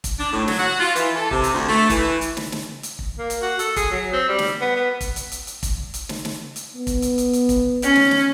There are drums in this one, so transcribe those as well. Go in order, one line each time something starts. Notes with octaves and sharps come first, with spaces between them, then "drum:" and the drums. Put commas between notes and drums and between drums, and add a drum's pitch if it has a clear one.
drum: kick, hi-hat
D4
A2
F#3, drum: snare
F#4
F4
E3, drum: hi-hat
A4
C3, drum: kick
drum: hi-hat
D2
A3
E3, drum: kick, hi-hat
drum: hi-hat
drum: snare
drum: snare
drum: hi-hat
drum: kick
A#3
drum: hi-hat
F#4
A4, drum: hi-hat
G#4, drum: kick, hi-hat
F#3
C4
G3
drum: snare
B3
B3
drum: kick, hi-hat
drum: hi-hat
drum: hi-hat
drum: hi-hat
drum: kick, hi-hat
drum: hi-hat
drum: snare
drum: snare
drum: hi-hat
B3
drum: kick, hi-hat
drum: hi-hat
drum: hi-hat
drum: hi-hat
drum: kick, hi-hat
C#4, drum: hi-hat
drum: snare
drum: snare